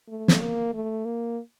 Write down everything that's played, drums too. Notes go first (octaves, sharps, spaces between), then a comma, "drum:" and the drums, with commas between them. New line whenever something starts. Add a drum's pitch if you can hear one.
A3
drum: snare
A#3
A3
A#3